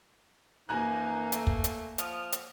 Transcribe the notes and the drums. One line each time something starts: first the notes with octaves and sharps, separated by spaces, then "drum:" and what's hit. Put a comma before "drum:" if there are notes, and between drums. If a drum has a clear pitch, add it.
F#2 E3 F3 A#3 D#4 G#5 A#5 F#6
A3, drum: hi-hat
drum: kick
drum: hi-hat
F3 D#6 F6, drum: hi-hat
drum: hi-hat